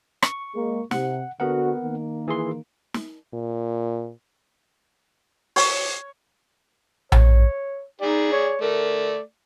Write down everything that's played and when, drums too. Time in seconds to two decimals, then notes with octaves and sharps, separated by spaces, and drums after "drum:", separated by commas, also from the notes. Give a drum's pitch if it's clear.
0.22 C#6, drum: rim click
0.55 G#3 A#3
0.91 C3 F#5, drum: snare
1.40 D3 B3 F#4 A#4 F#5
1.83 D#3 A#3
2.28 E3 G#4 C6
2.94 drum: snare
3.34 A#2
5.56 C#5, drum: open hi-hat
7.12 C#5, drum: tom A#1
8.02 D#4 G#4 D5
8.32 C#5
8.62 A3 A#4 D5